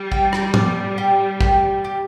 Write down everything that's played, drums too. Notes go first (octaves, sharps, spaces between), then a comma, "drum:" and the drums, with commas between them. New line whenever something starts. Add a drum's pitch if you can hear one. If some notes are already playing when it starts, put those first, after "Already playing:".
Already playing: G3
G5, drum: kick
drum: rim click
D5, drum: tom
G4
G4, drum: kick
G4